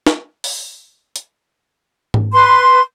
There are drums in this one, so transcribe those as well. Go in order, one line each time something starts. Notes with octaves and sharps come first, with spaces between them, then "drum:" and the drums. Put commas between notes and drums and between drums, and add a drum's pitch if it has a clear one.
drum: snare
drum: open hi-hat
drum: hi-hat
drum: tom G#2
B4 C6